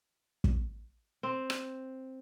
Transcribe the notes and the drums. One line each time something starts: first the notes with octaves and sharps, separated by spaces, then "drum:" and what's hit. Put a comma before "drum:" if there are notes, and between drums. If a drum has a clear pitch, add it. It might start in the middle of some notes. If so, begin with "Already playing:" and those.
drum: kick
C4
drum: rim click